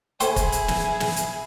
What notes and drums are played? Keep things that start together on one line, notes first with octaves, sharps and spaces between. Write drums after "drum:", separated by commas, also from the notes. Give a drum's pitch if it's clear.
A3 E4 G#4 C5 G5, drum: hi-hat
drum: kick, hi-hat
drum: hi-hat
drum: snare
drum: snare
drum: hi-hat